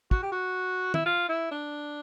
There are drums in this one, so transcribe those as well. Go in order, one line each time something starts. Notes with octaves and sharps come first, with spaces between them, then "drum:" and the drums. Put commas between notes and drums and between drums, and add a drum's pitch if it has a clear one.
F#4, drum: kick
G4
F#4
E4, drum: tom
F4
E4
D4